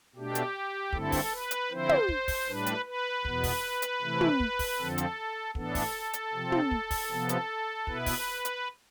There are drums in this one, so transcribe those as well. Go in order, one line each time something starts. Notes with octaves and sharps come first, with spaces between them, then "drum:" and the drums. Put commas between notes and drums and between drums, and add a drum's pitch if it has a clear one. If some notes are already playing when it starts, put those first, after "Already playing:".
B2 A3 D4 G4
drum: hi-hat
G2 D3 A3 C4 E4 A4, drum: kick
drum: kick, open hi-hat
B4
drum: hi-hat
D3 F3 C4 E4 C5
drum: tom
drum: kick
drum: kick, open hi-hat
A2 G3 D4 B4
drum: hi-hat
B4
E2 B2 B3, drum: kick
drum: kick, open hi-hat
drum: hi-hat
C3 E3 A3 E4
drum: tom
drum: kick
drum: kick, open hi-hat
F2 D3 F3 C4 A4
drum: hi-hat
A2 E3 B3 D4 A4, drum: kick
drum: kick, open hi-hat
drum: hi-hat
C3 F3 C4
drum: tom
drum: kick
drum: kick, open hi-hat
C3 F3 B3
drum: hi-hat
B2 B3 E4 B4, drum: kick
drum: kick, open hi-hat
drum: hi-hat